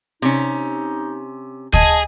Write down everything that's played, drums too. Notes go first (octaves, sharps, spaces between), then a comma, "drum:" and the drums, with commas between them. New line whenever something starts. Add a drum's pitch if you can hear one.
C3 C#4 D#4
G#4 D#5 G#5 A5, drum: kick